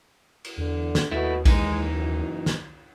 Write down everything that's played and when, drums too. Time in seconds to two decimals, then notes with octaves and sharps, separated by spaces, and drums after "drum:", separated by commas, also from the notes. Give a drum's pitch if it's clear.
0.45 drum: cymbal
0.57 E2 D3
0.95 drum: snare
1.11 D#2 B2 A3 E4
1.45 E3 G#3 D#4, drum: kick A#1, cymbal
1.91 F#1
2.46 drum: snare